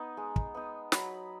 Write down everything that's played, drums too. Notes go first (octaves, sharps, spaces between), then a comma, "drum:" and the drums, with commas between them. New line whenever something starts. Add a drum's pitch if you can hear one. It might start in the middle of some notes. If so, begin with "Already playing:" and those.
Already playing: B3 D#4
G#3
drum: kick
B3 D#4
F#3 B5, drum: snare